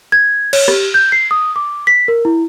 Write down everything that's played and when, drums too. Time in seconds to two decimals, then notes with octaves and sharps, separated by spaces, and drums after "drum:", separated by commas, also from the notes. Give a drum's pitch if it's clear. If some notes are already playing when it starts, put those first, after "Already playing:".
0.12 G#6
0.53 C#5, drum: cymbal
0.68 G4, drum: rim click
0.94 G6
1.12 C7
1.31 D#6
1.56 D6
1.87 B6
2.08 A#4
2.25 E4